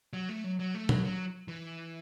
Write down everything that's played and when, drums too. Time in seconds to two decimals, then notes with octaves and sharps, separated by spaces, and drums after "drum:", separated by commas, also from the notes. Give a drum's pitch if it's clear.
0.13 F#3
0.29 A3
0.44 F#3
0.59 F#3
0.74 A3
0.89 F#3, drum: tom
1.04 F#3
1.48 E3